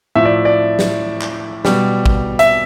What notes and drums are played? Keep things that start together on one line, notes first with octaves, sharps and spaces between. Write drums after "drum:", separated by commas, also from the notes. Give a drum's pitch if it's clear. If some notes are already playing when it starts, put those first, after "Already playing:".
A2 F3 E5
D5
D5
drum: snare
drum: clap
B2 G3, drum: snare
drum: kick
E5, drum: hi-hat